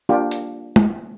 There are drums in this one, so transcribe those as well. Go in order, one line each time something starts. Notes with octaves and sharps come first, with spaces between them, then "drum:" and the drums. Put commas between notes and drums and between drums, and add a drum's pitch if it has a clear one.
A#3 D4 F4 G4
drum: hi-hat
drum: tom G#3